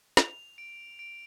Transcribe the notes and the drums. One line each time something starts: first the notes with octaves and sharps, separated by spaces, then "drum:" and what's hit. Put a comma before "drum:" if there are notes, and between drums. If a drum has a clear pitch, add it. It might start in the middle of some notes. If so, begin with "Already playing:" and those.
F7, drum: snare
D7
D7